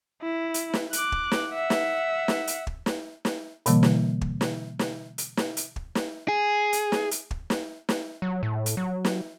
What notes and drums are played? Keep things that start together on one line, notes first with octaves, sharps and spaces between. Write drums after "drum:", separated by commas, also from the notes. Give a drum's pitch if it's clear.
E4
drum: hi-hat
drum: snare
D6 F#6, drum: hi-hat
drum: kick
drum: snare
E5 F#5
drum: snare
drum: snare
drum: hi-hat
drum: kick
drum: snare
drum: snare
B2 D3 E3 G3 A#3, drum: hi-hat
drum: snare
drum: kick
drum: snare
drum: snare
drum: hi-hat
drum: snare
drum: hi-hat
drum: kick
drum: snare
G#4
drum: hi-hat
drum: snare
drum: hi-hat
drum: kick
drum: snare
drum: snare
F#3
A2
drum: hi-hat
F#3
drum: snare